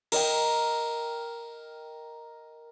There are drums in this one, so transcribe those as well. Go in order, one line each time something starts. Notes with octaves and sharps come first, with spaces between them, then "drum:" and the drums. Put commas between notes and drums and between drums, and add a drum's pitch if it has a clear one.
A#4 D#5 G5, drum: cymbal